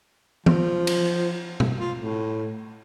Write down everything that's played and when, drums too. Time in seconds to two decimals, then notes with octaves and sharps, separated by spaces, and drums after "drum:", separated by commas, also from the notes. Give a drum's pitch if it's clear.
0.46 F3, drum: tom E3
0.87 drum: cymbal
1.60 drum: tom B2
1.79 F4
1.99 A2